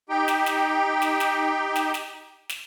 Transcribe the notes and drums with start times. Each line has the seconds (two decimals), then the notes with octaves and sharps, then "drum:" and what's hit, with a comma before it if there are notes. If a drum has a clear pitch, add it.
0.09 D#4 G4 G5
0.28 drum: snare
0.46 drum: snare
1.02 drum: snare
1.20 drum: snare
1.76 drum: snare
1.94 drum: snare
2.49 drum: snare